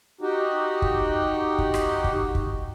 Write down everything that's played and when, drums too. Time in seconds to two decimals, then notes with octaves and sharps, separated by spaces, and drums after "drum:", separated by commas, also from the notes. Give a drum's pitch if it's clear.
0.21 D#4 F#4 G4
0.82 drum: kick
1.58 drum: kick
1.74 drum: rim click
2.04 drum: kick
2.35 drum: kick